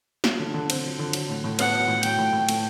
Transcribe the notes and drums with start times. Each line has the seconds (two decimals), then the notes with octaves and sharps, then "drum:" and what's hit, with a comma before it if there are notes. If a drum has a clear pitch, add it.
0.24 F#3, drum: snare
0.39 D3
0.54 D3
0.70 C4, drum: cymbal
0.84 F#3
0.99 D3
1.13 F#3, drum: cymbal
1.29 A2
1.44 A2
1.59 B3 F#5, drum: cymbal
1.74 F#3
1.88 A2
2.03 F#3 G5, drum: cymbal
2.19 A2
2.33 A2
2.49 A3, drum: cymbal